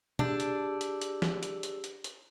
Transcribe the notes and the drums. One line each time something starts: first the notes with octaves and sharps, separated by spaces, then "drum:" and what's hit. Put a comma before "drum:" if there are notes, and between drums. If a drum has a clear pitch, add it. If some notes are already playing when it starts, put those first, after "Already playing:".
D4 G4 G#4 E6, drum: tom B2
drum: hi-hat
drum: hi-hat
drum: hi-hat
drum: snare
drum: hi-hat
drum: hi-hat
drum: hi-hat
drum: hi-hat